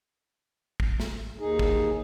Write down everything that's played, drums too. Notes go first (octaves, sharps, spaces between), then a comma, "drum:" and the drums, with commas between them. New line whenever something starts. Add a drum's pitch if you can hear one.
drum: kick
drum: snare
D#2 D#4 G#4
drum: kick